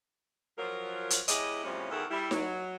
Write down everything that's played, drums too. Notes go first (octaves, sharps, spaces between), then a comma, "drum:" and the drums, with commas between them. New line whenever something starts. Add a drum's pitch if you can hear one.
F3 F#3 A#4
drum: hi-hat
E2 G#3 E4 G4 C#5 D#5, drum: hi-hat
E2 A2 C3 F3 G3 C#4
E2 D#3 E4 F#4 G#4 A4
G3 E4
F#3, drum: snare D#4